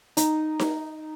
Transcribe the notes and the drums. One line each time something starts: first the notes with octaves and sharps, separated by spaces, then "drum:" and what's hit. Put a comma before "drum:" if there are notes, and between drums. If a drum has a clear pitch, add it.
D#4, drum: hi-hat
drum: snare D#4